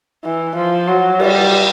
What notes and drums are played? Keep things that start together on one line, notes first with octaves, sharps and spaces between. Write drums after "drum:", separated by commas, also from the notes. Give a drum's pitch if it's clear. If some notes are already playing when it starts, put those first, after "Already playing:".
E3
F3
F#3
G3, drum: cymbal